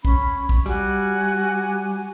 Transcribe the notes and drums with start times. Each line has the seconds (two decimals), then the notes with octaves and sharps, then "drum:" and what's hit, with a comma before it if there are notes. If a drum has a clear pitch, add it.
0.05 C#4 B5, drum: kick
0.49 drum: kick
0.66 G3 F#4 G#5, drum: hi-hat